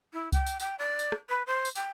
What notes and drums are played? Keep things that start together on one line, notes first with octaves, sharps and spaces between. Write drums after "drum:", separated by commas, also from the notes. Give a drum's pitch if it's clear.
E4
G5, drum: kick C2, tambourine
drum: tambourine
G5, drum: tambourine
D5
drum: tambourine
drum: rim click
B4
C5
drum: tambourine
G5, drum: tambourine